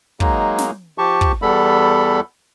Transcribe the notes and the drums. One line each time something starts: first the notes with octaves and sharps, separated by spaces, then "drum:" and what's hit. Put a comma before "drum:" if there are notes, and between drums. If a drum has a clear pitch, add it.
F#3 G#3 A#3 D#4, drum: kick
drum: snare
F3 G4 A5 C#6
drum: kick
E2 G3 B3 A4 B5